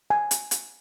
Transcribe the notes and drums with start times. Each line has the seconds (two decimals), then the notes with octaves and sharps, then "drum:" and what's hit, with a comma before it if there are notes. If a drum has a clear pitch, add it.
0.10 G#5
0.31 drum: hi-hat
0.51 drum: hi-hat